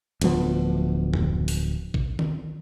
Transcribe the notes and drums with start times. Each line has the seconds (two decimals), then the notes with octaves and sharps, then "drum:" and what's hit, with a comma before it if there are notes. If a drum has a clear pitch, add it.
0.21 D1 D2 F3 B3, drum: cymbal
1.14 drum: tom F2
1.48 drum: open hi-hat
1.94 drum: kick
2.19 drum: tom D#3